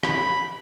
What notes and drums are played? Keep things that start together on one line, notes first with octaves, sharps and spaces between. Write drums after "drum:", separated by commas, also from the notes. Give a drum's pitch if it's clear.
B5, drum: rim click